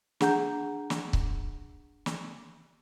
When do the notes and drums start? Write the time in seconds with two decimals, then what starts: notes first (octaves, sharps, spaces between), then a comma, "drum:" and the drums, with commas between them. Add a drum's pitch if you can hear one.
0.21 D4 G#4 F#5 A#5 G6, drum: snare
0.90 drum: snare
1.13 drum: kick C#1
2.06 drum: snare